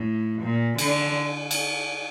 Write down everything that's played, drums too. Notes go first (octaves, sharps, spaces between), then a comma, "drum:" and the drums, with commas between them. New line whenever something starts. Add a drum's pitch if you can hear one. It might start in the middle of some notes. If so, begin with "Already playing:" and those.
Already playing: A2
A#2
D3, drum: cymbal
drum: cymbal